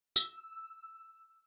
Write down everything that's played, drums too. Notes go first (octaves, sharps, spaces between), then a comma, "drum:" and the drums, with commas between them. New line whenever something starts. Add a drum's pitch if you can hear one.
E6, drum: tambourine